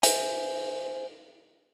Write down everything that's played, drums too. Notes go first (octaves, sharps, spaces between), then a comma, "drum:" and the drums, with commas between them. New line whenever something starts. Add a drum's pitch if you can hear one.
C5 E5 G#5, drum: hi-hat